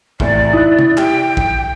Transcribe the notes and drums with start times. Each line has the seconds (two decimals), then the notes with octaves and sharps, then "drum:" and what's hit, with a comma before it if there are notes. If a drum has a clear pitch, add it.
0.20 E2 A2 C3 D5, drum: kick
0.53 E4 D#6 F#6
0.79 drum: tom
0.98 G4 G5, drum: clap
1.37 drum: kick